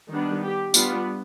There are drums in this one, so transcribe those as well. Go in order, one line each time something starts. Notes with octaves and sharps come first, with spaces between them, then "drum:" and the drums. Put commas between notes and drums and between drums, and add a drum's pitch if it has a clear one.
D#3 G3 B3 D4
G4
G3 B3 D4 F4, drum: tambourine